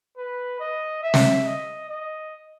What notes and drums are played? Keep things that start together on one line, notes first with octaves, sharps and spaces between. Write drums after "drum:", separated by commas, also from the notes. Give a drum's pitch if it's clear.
B4
D#5
E5
drum: snare
D#5
D#5